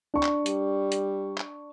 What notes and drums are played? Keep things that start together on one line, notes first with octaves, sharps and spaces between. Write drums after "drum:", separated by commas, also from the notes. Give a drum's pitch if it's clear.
D4 C#6
drum: clap
G3, drum: hi-hat
drum: hi-hat
drum: clap